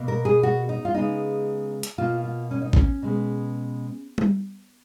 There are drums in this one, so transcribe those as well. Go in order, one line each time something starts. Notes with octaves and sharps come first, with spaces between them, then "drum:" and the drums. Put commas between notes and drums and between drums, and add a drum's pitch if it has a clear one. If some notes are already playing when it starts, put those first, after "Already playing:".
Already playing: B2 A#3
A#4
G#4
F#4
D#4
F4
C#3 G#3 B3 D#4
drum: hi-hat
B2 A#3 F4
F4
C#4
D#4
C#4, drum: kick A1
B2 G#3 B3
drum: tom G3